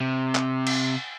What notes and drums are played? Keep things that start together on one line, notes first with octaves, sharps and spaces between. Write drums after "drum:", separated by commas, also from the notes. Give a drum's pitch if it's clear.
C3
drum: clap
drum: cymbal